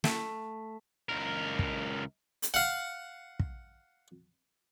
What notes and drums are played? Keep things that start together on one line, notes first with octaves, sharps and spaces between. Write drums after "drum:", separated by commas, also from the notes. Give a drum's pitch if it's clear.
A3, drum: snare
C#2 A#4
drum: kick
drum: hi-hat
F5 F#5
drum: kick